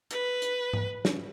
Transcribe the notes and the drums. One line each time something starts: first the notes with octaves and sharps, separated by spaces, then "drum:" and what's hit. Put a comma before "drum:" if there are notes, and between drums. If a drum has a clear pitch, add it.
B4, drum: hi-hat
drum: hi-hat
drum: tom G#2
drum: snare